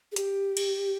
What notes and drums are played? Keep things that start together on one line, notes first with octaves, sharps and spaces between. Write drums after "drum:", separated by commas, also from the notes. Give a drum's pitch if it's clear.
G#4
G4, drum: hi-hat
drum: cymbal